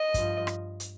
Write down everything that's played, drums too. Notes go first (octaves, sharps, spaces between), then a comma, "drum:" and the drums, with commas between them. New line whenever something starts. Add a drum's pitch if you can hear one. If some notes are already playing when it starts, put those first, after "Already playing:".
Already playing: D#5
G2 F3, drum: kick, hi-hat
drum: rim click
drum: hi-hat